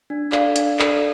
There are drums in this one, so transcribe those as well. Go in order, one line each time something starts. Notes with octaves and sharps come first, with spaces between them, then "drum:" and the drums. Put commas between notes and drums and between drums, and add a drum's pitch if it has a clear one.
D4
A4 D5 F5, drum: clap
D4, drum: hi-hat
A4 D5, drum: clap